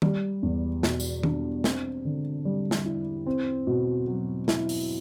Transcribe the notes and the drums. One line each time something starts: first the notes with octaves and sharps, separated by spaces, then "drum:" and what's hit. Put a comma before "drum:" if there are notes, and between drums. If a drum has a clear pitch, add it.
G3, drum: tom D#3
E2
B2, drum: snare
drum: tambourine
D4, drum: tom D#3
C4, drum: snare
D3
G3
drum: snare
E4
C4
B2
F#3
E4, drum: snare
drum: open hi-hat